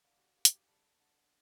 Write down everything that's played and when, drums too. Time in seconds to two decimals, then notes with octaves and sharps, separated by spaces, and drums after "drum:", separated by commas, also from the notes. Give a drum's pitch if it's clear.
0.04 D3 A#3
0.17 F#4 G4
0.37 A#3 G4
0.45 F#4, drum: hi-hat
0.53 G4
0.68 G3 A4
1.00 D3 A4